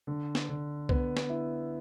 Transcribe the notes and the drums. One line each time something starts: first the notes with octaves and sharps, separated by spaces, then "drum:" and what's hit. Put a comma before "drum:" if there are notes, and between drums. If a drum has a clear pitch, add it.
D3
drum: snare
D3
B3, drum: kick C2
drum: snare
E4